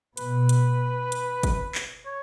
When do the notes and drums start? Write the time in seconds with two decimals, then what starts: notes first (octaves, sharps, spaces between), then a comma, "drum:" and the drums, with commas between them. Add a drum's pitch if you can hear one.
0.17 B2 B4, drum: hi-hat
0.49 drum: hi-hat
1.12 drum: hi-hat
1.43 drum: kick, hi-hat
1.75 drum: clap
2.06 C#5